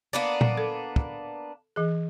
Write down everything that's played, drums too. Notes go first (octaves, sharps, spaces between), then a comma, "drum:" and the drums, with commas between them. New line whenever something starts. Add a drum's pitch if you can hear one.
A#3 B3 D4
drum: tom A#2
A4
drum: kick
E3 G#4